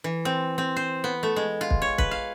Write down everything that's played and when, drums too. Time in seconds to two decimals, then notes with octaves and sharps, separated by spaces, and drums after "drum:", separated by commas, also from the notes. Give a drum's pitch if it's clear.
0.04 E3
0.25 C4
0.58 C4
0.76 C5
1.04 B3
1.23 A3
1.36 G#3
1.61 F4
1.70 drum: kick
1.82 C#5
1.98 B4, drum: kick
2.11 F5